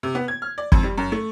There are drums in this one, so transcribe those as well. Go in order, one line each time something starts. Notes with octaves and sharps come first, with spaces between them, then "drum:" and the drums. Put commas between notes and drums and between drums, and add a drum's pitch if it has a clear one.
C3
B3
G#6
F6
D5
F2, drum: kick
G3
F#2
A3